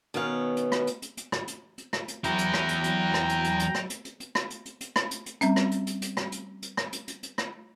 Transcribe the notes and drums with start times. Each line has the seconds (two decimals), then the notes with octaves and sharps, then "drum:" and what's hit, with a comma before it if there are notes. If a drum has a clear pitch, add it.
0.14 B2 D#3 B3 C#4 F5
0.57 drum: hi-hat
0.72 drum: rim click
0.87 drum: hi-hat
1.02 drum: hi-hat
1.17 drum: hi-hat
1.32 drum: rim click
1.48 drum: hi-hat
1.78 drum: hi-hat
1.93 drum: rim click
2.08 drum: hi-hat
2.24 E2 F#3 E4 G5 A#5, drum: hi-hat
2.38 drum: hi-hat
2.53 drum: rim click
2.69 drum: hi-hat
2.84 drum: hi-hat
3.14 drum: rim click
3.29 drum: hi-hat
3.44 drum: hi-hat
3.59 drum: hi-hat
3.75 drum: rim click
3.90 drum: hi-hat
4.05 drum: hi-hat
4.20 drum: hi-hat
4.35 drum: rim click
4.50 drum: hi-hat
4.65 drum: hi-hat
4.81 drum: hi-hat
4.96 drum: rim click
5.11 drum: hi-hat
5.26 drum: hi-hat
5.41 G3 C4 C#4, drum: hi-hat
5.56 drum: rim click
5.71 drum: hi-hat
5.87 drum: hi-hat
6.02 drum: hi-hat
6.17 drum: rim click
6.32 drum: hi-hat
6.62 drum: hi-hat
6.77 drum: rim click
6.93 drum: hi-hat
7.08 drum: hi-hat
7.23 drum: hi-hat
7.38 drum: rim click